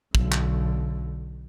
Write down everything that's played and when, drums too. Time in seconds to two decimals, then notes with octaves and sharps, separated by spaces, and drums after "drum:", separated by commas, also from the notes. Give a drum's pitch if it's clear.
0.15 B1 D3, drum: kick
0.32 drum: clap